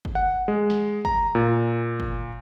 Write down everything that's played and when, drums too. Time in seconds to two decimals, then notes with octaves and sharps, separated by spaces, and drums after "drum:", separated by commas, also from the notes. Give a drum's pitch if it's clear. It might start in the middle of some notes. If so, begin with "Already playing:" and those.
0.05 drum: kick
0.15 F#5
0.48 G#3
0.70 drum: snare
1.05 A#5, drum: kick
1.35 A#2
2.00 drum: kick